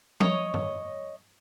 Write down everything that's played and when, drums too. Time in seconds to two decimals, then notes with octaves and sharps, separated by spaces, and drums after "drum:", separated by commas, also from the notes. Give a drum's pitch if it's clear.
0.20 C#5 D#5, drum: tom F3
0.54 drum: tom G2